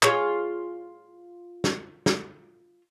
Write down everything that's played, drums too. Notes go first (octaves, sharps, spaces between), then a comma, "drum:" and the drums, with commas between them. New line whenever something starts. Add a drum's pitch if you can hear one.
F4 G#4 C#5, drum: clap
drum: snare
drum: snare